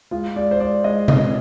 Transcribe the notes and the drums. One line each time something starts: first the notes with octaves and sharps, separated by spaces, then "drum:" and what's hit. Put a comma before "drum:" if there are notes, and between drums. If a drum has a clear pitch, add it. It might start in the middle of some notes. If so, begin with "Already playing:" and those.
G#3 F4
G#3 D5
C5
G#3 D5
G#3 D#5
G#3 D#5, drum: tom C3